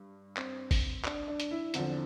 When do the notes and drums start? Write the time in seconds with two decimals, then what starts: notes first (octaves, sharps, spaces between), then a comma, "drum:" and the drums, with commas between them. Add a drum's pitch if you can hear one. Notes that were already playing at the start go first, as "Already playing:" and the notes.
Already playing: G2
0.37 C4, drum: clap
0.71 drum: kick G1, open hi-hat
1.05 D4, drum: clap
1.28 D4
1.40 drum: hi-hat
1.51 E4
1.74 E2 D3 F3 C4, drum: hi-hat